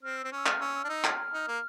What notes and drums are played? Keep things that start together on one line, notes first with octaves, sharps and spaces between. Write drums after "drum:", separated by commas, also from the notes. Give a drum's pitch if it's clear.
C4 F6
E6
C4
C#4 E6
F6, drum: clap
C#4 E6
E6
D4 F6
D#4 E6
F6, drum: clap
D#4
A#3